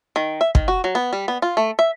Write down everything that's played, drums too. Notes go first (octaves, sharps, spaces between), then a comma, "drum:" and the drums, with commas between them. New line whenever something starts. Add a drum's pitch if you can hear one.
D#3
E5
D#3, drum: kick
F#4
F#3
B3
G3
B3
F4
A3
E5